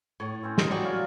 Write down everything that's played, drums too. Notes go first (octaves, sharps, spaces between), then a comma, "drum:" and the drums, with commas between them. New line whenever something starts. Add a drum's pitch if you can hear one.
A2 C#5
C4 C#4 C5
A#4 D#5 G#5, drum: snare
G3 F#4 D5
A#4 C#5 F5